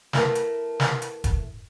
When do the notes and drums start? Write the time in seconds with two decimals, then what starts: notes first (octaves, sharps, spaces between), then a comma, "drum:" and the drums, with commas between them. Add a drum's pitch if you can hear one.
0.13 A3 E4 A#4 B4, drum: snare
0.35 drum: hi-hat
0.80 drum: snare
1.02 drum: hi-hat
1.24 drum: kick E1, hi-hat